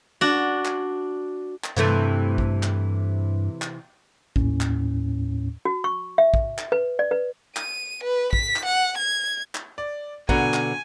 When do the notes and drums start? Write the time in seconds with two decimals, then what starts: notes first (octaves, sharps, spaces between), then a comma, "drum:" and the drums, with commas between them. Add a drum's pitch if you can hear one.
0.21 D4 F#4
0.65 drum: clap
1.64 drum: clap
1.77 G2 C3 E3 A3
2.38 drum: kick
2.63 drum: clap
3.62 drum: clap
4.36 D#2 A2 C#4, drum: kick
4.61 drum: clap
5.65 F#4
5.84 C#6
6.18 E5
6.34 drum: kick
6.58 drum: clap
6.72 B4
6.99 D5
7.11 B4
7.56 D#7, drum: clap
8.04 B4
8.33 B6, drum: kick
8.56 drum: clap
8.66 F#5
8.98 G#6
9.55 drum: clap
9.78 D5
10.29 B2 D3 F#5 G#5 A#5, drum: kick
10.54 drum: clap